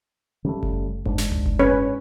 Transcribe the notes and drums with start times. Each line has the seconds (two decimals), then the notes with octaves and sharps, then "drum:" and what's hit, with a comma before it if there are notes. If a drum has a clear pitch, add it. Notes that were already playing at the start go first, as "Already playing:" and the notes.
0.44 C#3 G3 A3
0.63 drum: kick F#1
1.05 G#2 D4, drum: kick F#1
1.18 drum: snare
1.32 drum: tom C#2
1.46 drum: kick F#1
1.60 C#4 B4 C#5